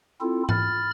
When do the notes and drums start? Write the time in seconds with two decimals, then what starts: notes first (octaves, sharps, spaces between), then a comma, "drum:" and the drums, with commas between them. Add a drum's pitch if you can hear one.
0.21 C4 E4 F4 A4
0.49 B5 F6 A6, drum: tom G#2